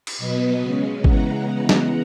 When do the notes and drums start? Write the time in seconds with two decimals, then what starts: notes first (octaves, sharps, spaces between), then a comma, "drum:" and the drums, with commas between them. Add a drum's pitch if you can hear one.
0.07 drum: cymbal
0.17 B2 F#3 B3 B4 D#5
0.61 C#3 G#3 C#4
1.04 C#3 E3 G#3 B3 F#5 A#5, drum: kick
1.69 drum: snare